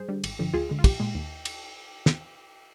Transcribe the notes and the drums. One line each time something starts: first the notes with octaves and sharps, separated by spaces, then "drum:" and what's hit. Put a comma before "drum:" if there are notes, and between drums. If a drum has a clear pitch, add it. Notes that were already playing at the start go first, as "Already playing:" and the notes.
Already playing: G2 G#4 C5
D3 G3
G#1, drum: cymbal
G2 D3 F3
D2 F4 G#4
D3 G#3
F4
A#1 G4, drum: kick, cymbal
A#2 G#3
D#2
drum: cymbal
drum: snare